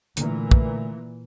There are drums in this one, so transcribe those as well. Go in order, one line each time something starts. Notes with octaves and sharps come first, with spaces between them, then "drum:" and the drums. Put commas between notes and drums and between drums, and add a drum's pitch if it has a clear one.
A#2 D3 E3 A3, drum: hi-hat
drum: kick